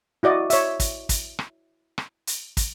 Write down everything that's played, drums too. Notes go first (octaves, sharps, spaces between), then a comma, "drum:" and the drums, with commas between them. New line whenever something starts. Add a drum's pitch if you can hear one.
E4 F#4 D5 D#5
C#5 E5, drum: hi-hat
drum: kick, hi-hat
drum: kick, hi-hat
drum: rim click
drum: rim click
drum: hi-hat
drum: kick, hi-hat